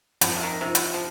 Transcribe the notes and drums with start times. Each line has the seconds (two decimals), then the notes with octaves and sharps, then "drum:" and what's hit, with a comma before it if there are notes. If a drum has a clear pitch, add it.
0.21 F2 F3, drum: hi-hat
0.29 D#3
0.36 C3
0.43 D#3
0.61 C3 F3 D#4
0.75 drum: hi-hat
0.94 F3